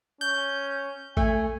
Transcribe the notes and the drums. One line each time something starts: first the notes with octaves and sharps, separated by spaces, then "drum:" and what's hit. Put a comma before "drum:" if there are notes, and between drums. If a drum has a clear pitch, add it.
C#4 G6
A3 G#5, drum: kick A1